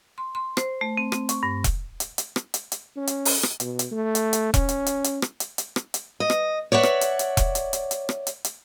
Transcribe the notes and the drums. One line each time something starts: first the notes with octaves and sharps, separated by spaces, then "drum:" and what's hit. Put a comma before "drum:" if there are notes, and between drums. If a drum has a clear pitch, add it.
C6
C6
C5, drum: rim click
A3
C4
C4, drum: rim click
C#6, drum: hi-hat
G2
drum: kick E1, hi-hat
drum: hi-hat
drum: hi-hat
drum: rim click
drum: hi-hat
drum: hi-hat
C#4
drum: hi-hat
drum: open hi-hat
drum: rim click
B2, drum: hi-hat
drum: hi-hat
A3
drum: hi-hat
drum: hi-hat
C#4, drum: kick E1, hi-hat
drum: hi-hat
drum: hi-hat
drum: hi-hat
drum: rim click
drum: hi-hat
drum: hi-hat
drum: rim click
drum: hi-hat
D#5
drum: rim click
C#5 D5 E5 F#5
drum: rim click
drum: hi-hat
drum: hi-hat
drum: kick E1, hi-hat
drum: hi-hat
drum: hi-hat
drum: hi-hat
drum: rim click
drum: hi-hat
drum: hi-hat